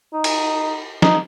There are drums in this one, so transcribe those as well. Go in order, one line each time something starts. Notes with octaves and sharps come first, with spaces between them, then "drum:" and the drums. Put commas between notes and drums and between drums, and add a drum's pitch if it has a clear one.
D#4
drum: cymbal
D#4, drum: snare